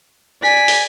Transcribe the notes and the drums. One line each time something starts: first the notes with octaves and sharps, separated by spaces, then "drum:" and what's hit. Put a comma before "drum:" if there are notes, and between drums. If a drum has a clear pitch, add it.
D5 G#5 B6
drum: open hi-hat